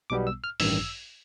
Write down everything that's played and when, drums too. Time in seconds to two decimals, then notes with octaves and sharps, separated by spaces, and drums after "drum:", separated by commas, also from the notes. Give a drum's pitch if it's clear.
0.10 B1 B2 G3 B3 D6
0.27 E6
0.44 F6
0.60 A1 G2 D#3 E6, drum: open hi-hat